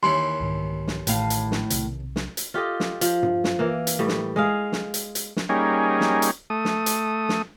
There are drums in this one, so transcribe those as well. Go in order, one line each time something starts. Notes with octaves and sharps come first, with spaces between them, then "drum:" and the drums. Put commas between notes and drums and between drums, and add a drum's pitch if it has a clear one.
D#2 E3 C#4 C6
C2 G#2 D#3
drum: snare
A1 A2 F5, drum: hi-hat
drum: hi-hat
drum: snare
B1 C3, drum: hi-hat
drum: snare
drum: hi-hat
F4 G4 A4 D#5
drum: snare
F3, drum: hi-hat
drum: tom G2
drum: snare
E3 A#3
drum: hi-hat
A2 G3 G4
drum: snare
G#3 G#4 F5
drum: snare
drum: hi-hat
drum: hi-hat
drum: snare
G3 A#3 C#4 D#4 G#4
drum: snare
drum: hi-hat
A3 D#6
drum: snare
drum: hi-hat
drum: snare